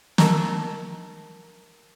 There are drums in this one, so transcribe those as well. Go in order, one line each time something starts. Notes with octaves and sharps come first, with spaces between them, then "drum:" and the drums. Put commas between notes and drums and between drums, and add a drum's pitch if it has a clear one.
D4 A#4 D#5 A5 A#5, drum: snare